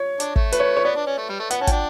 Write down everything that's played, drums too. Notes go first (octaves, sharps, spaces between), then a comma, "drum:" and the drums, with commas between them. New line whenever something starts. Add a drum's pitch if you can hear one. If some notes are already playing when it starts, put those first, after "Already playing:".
Already playing: C#5
D4, drum: hi-hat
A3, drum: kick
B4, drum: hi-hat
C#5
C#5
B3 D5
D4
C#4
A3
G3
A3
B3 F#5, drum: hi-hat
C#4 A5
D4 G5, drum: kick, hi-hat